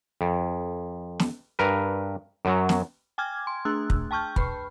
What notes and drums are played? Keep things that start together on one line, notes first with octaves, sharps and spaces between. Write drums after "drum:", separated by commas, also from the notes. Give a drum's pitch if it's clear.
F2
drum: snare
G2 A#4 B4
F#2 F#3
drum: snare
G5 G#5 D6 F6 G#6
C6
A3 D4 G#4 E6 F#6
drum: kick
G5 A5 C#6 F6 G6
B4 B5, drum: kick